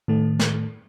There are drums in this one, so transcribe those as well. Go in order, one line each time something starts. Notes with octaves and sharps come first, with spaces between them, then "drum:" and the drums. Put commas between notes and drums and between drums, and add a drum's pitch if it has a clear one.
A2 D#3 A3
drum: snare